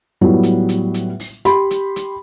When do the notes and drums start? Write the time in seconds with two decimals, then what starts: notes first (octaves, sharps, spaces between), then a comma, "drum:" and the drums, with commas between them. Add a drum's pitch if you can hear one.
0.21 A2 F#3 G3 B3 F4
0.43 drum: hi-hat
0.69 drum: hi-hat
0.94 drum: hi-hat
1.20 drum: open hi-hat
1.45 G4 B5 C6, drum: hi-hat
1.71 drum: hi-hat
1.96 drum: hi-hat